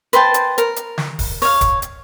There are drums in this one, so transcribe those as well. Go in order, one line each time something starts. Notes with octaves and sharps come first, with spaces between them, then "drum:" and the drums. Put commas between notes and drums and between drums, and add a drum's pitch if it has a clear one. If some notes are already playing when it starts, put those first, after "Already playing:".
B4 C5 G5 A5, drum: hi-hat
drum: hi-hat
A#4, drum: hi-hat
drum: hi-hat
drum: snare
drum: kick D1, open hi-hat
C#5 F5, drum: open hi-hat
drum: kick D1, hi-hat
drum: hi-hat